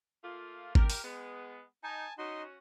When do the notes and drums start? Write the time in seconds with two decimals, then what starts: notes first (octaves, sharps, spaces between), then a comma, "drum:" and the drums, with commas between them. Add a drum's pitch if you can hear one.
0.23 A3 A#3 F4
0.75 G4 A#4, drum: kick G#1
0.90 drum: open hi-hat
1.04 G#3 B3
1.84 D#4 G#5 A5
2.18 C#4 D#4 F#4 D#5 C6